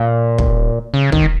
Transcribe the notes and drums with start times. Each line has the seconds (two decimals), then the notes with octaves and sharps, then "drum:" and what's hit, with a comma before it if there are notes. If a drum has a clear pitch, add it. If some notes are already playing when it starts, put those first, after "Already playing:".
Already playing: A#2
0.38 drum: kick
0.94 C#3
1.12 D#3, drum: kick